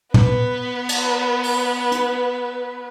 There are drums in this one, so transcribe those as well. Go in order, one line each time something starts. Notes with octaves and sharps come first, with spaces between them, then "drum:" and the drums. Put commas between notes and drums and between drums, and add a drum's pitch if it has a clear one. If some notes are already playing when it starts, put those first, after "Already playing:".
B3 B4, drum: tom
drum: cymbal
drum: open hi-hat
drum: hi-hat